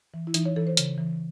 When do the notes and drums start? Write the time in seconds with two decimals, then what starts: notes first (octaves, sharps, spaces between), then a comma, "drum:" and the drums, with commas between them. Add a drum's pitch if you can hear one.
0.14 E3
0.27 E4
0.34 E3 D#4, drum: hi-hat
0.46 C#5
0.56 E3 A4
0.67 C5
0.77 C#3, drum: hi-hat
0.98 E3